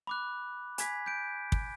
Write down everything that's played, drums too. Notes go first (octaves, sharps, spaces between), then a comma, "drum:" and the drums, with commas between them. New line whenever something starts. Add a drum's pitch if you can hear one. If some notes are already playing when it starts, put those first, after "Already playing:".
B5 D6 F#6
G#5 B5 G#6 B6, drum: hi-hat
G6 D7
drum: kick